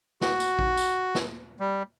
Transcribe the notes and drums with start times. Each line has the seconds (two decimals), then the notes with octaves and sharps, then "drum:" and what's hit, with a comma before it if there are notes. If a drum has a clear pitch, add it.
0.21 F#4, drum: snare
0.40 drum: tambourine
0.59 drum: kick A1
0.77 drum: tambourine
1.15 drum: snare
1.60 G3